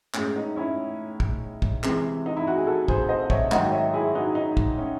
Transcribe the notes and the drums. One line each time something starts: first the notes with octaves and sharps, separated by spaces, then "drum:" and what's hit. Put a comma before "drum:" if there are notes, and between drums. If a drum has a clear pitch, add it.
A2 G#3 C#4, drum: clap
D#4
C#4 E4
drum: kick
drum: kick
C3 E3 G#3, drum: clap
D#4
E4
F#4
G#4
F#4 A4
G#4 C5, drum: kick
C5 D#5
C#5 E5, drum: kick
G#2 D#3 F#3 D#5 F#5, drum: clap
C#5 E5
E4 G#4
D#4 F#4
D#4
drum: kick
C#4